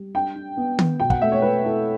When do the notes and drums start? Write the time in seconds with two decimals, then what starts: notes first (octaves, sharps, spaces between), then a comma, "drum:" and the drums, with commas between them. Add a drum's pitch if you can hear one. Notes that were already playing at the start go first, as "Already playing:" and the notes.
Already playing: G3
0.14 D4 G5
0.35 D4
0.57 B3
0.79 B3, drum: tom D#3
1.00 B2 G5
1.10 F#5, drum: kick
1.22 A3 E5
1.32 C#5
1.42 A3 B4
1.64 E4 A4